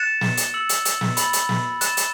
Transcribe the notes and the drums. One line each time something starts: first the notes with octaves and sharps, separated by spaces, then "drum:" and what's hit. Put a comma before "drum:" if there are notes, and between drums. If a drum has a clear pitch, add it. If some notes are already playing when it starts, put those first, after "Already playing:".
Already playing: F#6 A6 C#7 E7
drum: snare
drum: hi-hat
E6 C#7 F#7
drum: hi-hat
drum: hi-hat
drum: snare
B5 A6 F#7, drum: hi-hat
drum: hi-hat
drum: snare
F#6 A6 E7, drum: hi-hat
drum: hi-hat